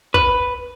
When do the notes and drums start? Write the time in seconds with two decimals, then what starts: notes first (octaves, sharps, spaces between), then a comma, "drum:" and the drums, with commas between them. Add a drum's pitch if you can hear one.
0.14 B4, drum: kick